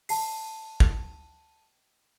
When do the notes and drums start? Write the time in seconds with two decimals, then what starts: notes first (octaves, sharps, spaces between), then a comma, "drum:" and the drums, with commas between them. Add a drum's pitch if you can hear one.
0.09 A5 C7, drum: open hi-hat
0.80 drum: kick